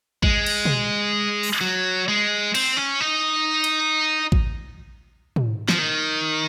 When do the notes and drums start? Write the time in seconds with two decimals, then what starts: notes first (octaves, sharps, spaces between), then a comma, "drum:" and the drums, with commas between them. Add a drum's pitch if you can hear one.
0.23 G#3, drum: kick A1
0.46 drum: cymbal
0.65 drum: tom
1.43 drum: open hi-hat
1.61 F#3
2.08 G#3
2.55 C4, drum: cymbal
2.77 C#4
3.00 D#4
3.64 drum: cymbal
4.32 drum: kick A1
5.36 drum: tom
5.69 F3, drum: snare
5.78 D#3